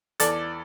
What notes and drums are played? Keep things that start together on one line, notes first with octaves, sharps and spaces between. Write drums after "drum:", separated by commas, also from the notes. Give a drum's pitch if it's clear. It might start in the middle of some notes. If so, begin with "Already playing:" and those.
E2 E3 A4 D5, drum: hi-hat